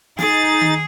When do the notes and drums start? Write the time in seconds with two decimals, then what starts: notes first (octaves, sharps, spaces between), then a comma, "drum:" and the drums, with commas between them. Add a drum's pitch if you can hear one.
0.19 D#4 G#4 A6, drum: snare
0.61 drum: tom D#3